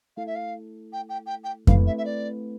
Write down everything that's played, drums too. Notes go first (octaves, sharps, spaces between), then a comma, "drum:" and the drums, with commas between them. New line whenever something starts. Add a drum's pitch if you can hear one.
A3 E4 A4 F5
E5
F5
G5
G5
G5
G5
A3 C4 E4 B4 F5, drum: kick F2
E5
E5
D5